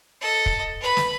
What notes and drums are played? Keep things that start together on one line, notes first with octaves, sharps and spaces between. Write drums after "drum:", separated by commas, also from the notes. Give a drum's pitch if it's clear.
A4 D#5
drum: kick
B4 B5
drum: snare